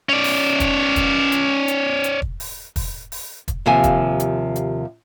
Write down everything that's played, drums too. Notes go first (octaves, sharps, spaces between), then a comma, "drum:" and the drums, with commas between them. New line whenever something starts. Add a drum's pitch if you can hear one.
C#4 D5
drum: open hi-hat
drum: kick, hi-hat
drum: kick, hi-hat
drum: hi-hat
drum: hi-hat
drum: hi-hat
drum: kick
drum: open hi-hat
drum: kick, open hi-hat
drum: open hi-hat
drum: kick, hi-hat
D#2 C3 F3 G#5
drum: kick, hi-hat
drum: hi-hat
drum: hi-hat